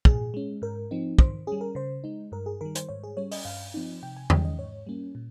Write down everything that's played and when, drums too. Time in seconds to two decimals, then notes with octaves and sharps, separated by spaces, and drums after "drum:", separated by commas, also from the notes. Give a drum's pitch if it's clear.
0.05 A#2 G#4, drum: kick
0.34 G#3 C#4
0.62 G#2 A#4
0.91 F3 C4 D#4
1.19 D#3 C5, drum: kick
1.47 G3 C#4 G#4
1.61 A#4
1.75 C#3 C5
2.04 G#3 D#4
2.32 G2 A#4
2.46 G#4
2.61 D#3 G3 A#4
2.75 C5, drum: hi-hat
2.89 G#2 C#5
3.04 G#4
3.17 G3 C#4 C#5
3.31 D#5, drum: open hi-hat
3.45 G2 F5
3.74 F3 C4 D#4
4.03 C3 G5
4.16 G#5
4.30 D#3 G#3 C#4 G5, drum: tom E2
4.45 D#5
4.59 G#2 C#5
4.87 G3 A#3 C#4
5.15 A#2